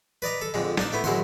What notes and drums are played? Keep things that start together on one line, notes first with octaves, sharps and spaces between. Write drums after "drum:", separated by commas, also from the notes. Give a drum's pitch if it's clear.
B4 D5 D#5 A#5
A4
F2 D3 G#3
D4 D#4 D5, drum: snare
A3 B3 E4
F#2 G#3 E4 F#5 C6, drum: tom